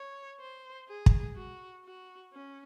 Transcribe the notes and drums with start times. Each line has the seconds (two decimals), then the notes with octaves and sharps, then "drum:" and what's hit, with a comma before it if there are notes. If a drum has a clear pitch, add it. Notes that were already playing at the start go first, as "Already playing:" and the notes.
Already playing: C#5
0.40 C5
0.88 G#4
1.06 drum: kick
1.36 F#4
1.85 F#4
2.33 C#4